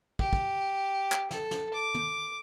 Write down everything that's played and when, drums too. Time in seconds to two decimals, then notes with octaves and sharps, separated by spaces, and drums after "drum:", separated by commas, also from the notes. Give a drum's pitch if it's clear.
0.19 G4, drum: kick
0.33 drum: kick
1.12 drum: clap
1.31 A4, drum: snare
1.51 drum: snare
1.73 D6
1.94 drum: tom